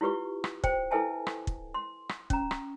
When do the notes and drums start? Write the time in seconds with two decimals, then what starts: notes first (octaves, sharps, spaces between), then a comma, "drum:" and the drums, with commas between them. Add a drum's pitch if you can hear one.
0.01 E4 F4 G4 B4 C#6
0.44 drum: rim click
0.64 C5 G5, drum: kick
0.91 E4 A4 B4 E5 G#5 A5
1.27 drum: rim click
1.47 drum: kick
1.74 C6
2.09 drum: rim click
2.30 C#4 A#5, drum: kick
2.51 drum: rim click